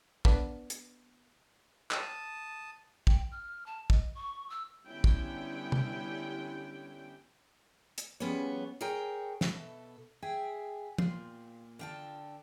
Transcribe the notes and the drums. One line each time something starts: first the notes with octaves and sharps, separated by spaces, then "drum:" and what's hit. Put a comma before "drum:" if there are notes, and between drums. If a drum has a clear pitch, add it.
B3 D4, drum: kick
drum: hi-hat
A5 D#6, drum: clap
G5, drum: kick
F6
A5
D#5, drum: kick
C#6
E6
D3 G3 B3 C#4 E4 G5
drum: kick
drum: tom
drum: hi-hat
F3 G3 B3 C#4 G#4 C#5
G#4 A#4 C#5 G5 A#5
B2 A4 E5, drum: snare
G#4 E5 G5 G#5
A#2 F4 G5 C6, drum: tom
D3 F4 G5 A5